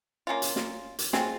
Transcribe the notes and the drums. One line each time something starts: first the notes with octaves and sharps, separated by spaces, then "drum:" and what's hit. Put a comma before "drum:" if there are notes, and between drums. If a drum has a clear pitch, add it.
A#3 C#4 F4
drum: hi-hat
drum: snare
drum: hi-hat
G#3 C4 F4, drum: snare